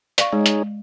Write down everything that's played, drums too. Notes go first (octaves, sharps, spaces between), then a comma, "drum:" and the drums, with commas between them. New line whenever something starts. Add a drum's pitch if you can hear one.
D5 F5 C#6, drum: hi-hat
G#3 D#4 G#4 C#5
drum: hi-hat